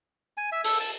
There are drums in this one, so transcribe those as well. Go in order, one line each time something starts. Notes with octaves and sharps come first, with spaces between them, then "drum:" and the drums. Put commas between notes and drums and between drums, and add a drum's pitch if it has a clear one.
G#5
E5
A4, drum: open hi-hat
A5